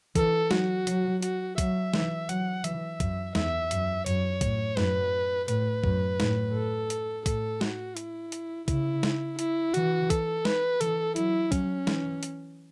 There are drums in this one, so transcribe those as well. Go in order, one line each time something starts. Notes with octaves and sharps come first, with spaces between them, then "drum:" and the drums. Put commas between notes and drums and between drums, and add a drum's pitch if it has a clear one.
E3 A4, drum: kick, hi-hat
F#3 F#4, drum: snare
F#3, drum: hi-hat
F#4, drum: hi-hat
F#3 E5, drum: kick, hi-hat
E3, drum: snare
F#3 F#5, drum: hi-hat
E3 E5, drum: hi-hat
F#2, drum: kick, hi-hat
E2 E5, drum: snare
F#2, drum: hi-hat
F#2 C#5, drum: hi-hat
A2, drum: kick, hi-hat
F#2 B4, drum: snare
A2 B4, drum: hi-hat
F#2, drum: kick
A2, drum: snare
A4
drum: hi-hat
A2 A4, drum: kick, hi-hat
F#4, drum: snare
E4, drum: hi-hat
drum: hi-hat
C#3 E4, drum: kick, hi-hat
drum: snare
E4, drum: hi-hat
E3 F#4, drum: hi-hat
A4, drum: kick, hi-hat
B4, drum: snare
E3 A4, drum: hi-hat
F#3 E4, drum: hi-hat
F#3 C#4, drum: kick, hi-hat
E3, drum: snare
drum: hi-hat